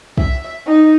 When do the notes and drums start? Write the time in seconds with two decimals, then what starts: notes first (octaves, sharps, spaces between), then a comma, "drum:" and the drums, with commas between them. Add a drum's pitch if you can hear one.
0.18 E5, drum: kick
0.66 D#4